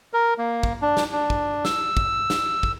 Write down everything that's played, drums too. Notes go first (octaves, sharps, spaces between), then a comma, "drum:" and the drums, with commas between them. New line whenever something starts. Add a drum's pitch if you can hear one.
A#4
A#3
drum: kick
D4
drum: snare
D4
drum: kick
E6, drum: snare
drum: kick
drum: snare
drum: kick